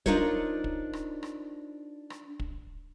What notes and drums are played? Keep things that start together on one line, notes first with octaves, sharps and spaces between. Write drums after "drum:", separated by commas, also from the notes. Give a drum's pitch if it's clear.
D4 D#4 F4 A#4 C5 C#5, drum: kick
drum: kick
drum: rim click
drum: rim click
drum: rim click
drum: kick